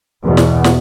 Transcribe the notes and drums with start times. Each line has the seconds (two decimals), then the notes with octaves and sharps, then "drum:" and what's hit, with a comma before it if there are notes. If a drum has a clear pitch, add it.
0.24 E2 B2
0.37 drum: snare
0.64 drum: snare